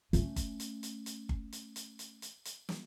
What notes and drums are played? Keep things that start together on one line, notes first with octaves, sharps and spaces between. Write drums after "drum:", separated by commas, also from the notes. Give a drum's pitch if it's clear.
A3 C#4, drum: hi-hat
drum: kick G1, hi-hat
drum: hi-hat
drum: hi-hat
drum: hi-hat
drum: kick G1
drum: hi-hat
drum: hi-hat
drum: hi-hat
drum: hi-hat
drum: hi-hat
drum: snare